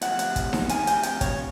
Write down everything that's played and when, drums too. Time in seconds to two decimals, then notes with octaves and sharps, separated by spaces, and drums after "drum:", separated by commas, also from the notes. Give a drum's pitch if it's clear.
0.01 D2 C3 F3 F#5, drum: hi-hat
0.19 drum: hi-hat
0.36 drum: kick, hi-hat
0.53 drum: snare D#4
0.69 D2 C3 F3 G#5, drum: hi-hat
0.87 G5, drum: hi-hat
1.03 G5, drum: hi-hat
1.21 C#5, drum: kick, hi-hat